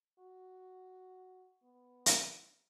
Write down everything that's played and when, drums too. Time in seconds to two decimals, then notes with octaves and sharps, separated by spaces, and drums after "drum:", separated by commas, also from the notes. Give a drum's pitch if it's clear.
0.19 F#4
1.63 B3
2.06 drum: hi-hat